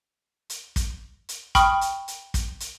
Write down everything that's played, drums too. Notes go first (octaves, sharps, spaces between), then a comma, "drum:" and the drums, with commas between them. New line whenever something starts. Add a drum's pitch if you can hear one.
drum: hi-hat
drum: kick, hi-hat
drum: hi-hat
G5 B5 C#6 D#6 F6, drum: kick, hi-hat
drum: hi-hat
drum: hi-hat
drum: kick, hi-hat
drum: hi-hat